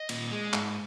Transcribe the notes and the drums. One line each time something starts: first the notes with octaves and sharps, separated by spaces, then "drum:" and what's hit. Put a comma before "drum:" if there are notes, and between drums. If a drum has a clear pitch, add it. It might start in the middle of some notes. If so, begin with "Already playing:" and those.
Already playing: D#5
A#2, drum: cymbal
G#3
G#2, drum: clap